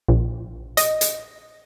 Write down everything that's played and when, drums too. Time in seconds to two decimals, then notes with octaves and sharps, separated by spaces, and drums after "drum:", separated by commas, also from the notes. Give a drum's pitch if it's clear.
0.08 A#1
0.77 D#5, drum: hi-hat
1.01 drum: hi-hat